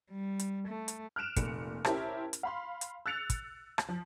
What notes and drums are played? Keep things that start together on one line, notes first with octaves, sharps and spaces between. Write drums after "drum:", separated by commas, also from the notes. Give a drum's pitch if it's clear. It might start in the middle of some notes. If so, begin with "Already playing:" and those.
G3
drum: hi-hat
A3
drum: hi-hat
F6 F#6 D7 E7 F7
F1 A#2 C#7, drum: kick, hi-hat
C#4 E4 G4 A#4 C5 A5, drum: rim click
drum: hi-hat
F5 B5 C6
drum: hi-hat
E6 F#6 A6 C#7 F7
drum: kick, hi-hat
drum: rim click
F3